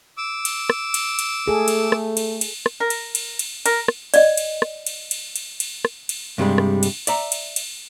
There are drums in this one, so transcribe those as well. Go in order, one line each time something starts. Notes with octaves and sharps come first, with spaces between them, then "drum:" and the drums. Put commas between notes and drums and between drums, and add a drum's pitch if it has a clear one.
D6 E6
drum: cymbal
drum: rim click
drum: cymbal
drum: cymbal
A3 G#4 A4
drum: cymbal
drum: rim click
drum: cymbal
drum: cymbal
drum: rim click
A#4
drum: cymbal
drum: cymbal
drum: cymbal
A#4, drum: cymbal
drum: rim click
D5 D#5, drum: cymbal
drum: cymbal
drum: rim click
drum: cymbal
drum: cymbal
drum: cymbal
drum: cymbal
drum: rim click
drum: cymbal
G2 C3 F3 G3 G#3
drum: rim click
drum: cymbal
D5 E5 A#5, drum: cymbal
drum: cymbal
drum: cymbal